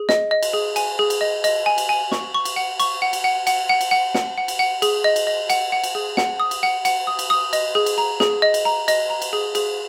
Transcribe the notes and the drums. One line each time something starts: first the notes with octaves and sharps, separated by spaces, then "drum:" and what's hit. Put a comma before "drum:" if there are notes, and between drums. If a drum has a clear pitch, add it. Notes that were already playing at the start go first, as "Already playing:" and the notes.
Already playing: G#4
D#5, drum: snare
D#5
drum: cymbal
G#4
G#5, drum: cymbal
G#4
drum: cymbal
D#5
D#5, drum: cymbal
G#5
drum: cymbal
G#5
C#6, drum: snare
C#6
drum: cymbal
F#5
C#6, drum: cymbal
F#5
drum: cymbal
F#5
F#5, drum: cymbal
F#5
drum: cymbal
F#5
F#5, drum: snare
F#5
drum: cymbal
F#5
G#4, drum: cymbal
D#5
drum: cymbal
D#5
F#5, drum: cymbal
F#5
drum: cymbal
G#4
F#5, drum: snare
D#6
drum: cymbal
F#5
F#5, drum: cymbal
D#6
drum: cymbal
D#6
D#5, drum: cymbal
G#4
drum: cymbal
A#5
G#4, drum: snare
D#5
drum: cymbal
A#5
D#5, drum: cymbal
A#5
drum: cymbal
G#4
G#4, drum: cymbal